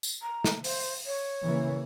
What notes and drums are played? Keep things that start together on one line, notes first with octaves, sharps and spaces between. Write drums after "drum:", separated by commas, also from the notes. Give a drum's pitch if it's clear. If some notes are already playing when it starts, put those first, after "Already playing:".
drum: tambourine
A#5
drum: snare
C5, drum: open hi-hat
C#5
C#3 E3 A#3